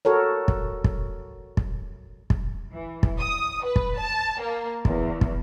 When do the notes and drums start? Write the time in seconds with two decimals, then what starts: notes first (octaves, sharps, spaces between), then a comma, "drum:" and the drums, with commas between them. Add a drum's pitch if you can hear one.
0.05 F#4 A4 A#4 C#5
0.48 drum: kick
0.84 drum: kick
1.57 drum: kick
2.30 drum: kick
2.72 E3
3.03 drum: kick
3.20 D#6
3.65 B4
3.76 drum: kick
3.98 A5
4.41 A#3
4.85 E2, drum: kick
5.21 drum: kick